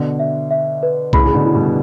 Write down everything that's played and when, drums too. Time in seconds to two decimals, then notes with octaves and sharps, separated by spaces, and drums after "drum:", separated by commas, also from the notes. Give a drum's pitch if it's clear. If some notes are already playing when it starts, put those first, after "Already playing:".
Already playing: B2 D3
0.19 E5
0.51 E5
0.83 B4
1.13 A2 C#3 B5, drum: kick C2
1.25 C#3
1.34 B2 D3
1.45 E4
1.55 G2 B2